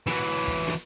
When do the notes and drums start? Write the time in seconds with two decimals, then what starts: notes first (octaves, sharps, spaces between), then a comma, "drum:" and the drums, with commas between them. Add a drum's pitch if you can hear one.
0.07 E3 F#3, drum: snare
0.47 drum: kick, hi-hat
0.68 drum: snare